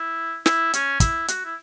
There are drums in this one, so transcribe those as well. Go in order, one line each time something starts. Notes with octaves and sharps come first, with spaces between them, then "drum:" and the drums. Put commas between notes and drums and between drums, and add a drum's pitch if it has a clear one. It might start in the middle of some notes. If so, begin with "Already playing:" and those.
Already playing: E4
E4, drum: snare
C#4, drum: hi-hat
E4, drum: kick, hi-hat
F#4, drum: hi-hat
E4